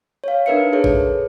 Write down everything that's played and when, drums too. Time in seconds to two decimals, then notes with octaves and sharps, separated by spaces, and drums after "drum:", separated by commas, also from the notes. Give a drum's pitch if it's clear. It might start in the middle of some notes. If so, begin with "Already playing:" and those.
0.24 C#5 F5
0.46 D4 D#4 A#4 B4 E5 C#7
0.72 G#4 A4 B4 C#5
0.84 drum: kick A#1